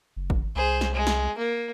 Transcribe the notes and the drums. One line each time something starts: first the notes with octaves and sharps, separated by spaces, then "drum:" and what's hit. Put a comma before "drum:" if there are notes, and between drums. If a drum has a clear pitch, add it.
F#1
drum: kick
C2 G#4 C5
drum: snare
G#3
drum: snare
A#3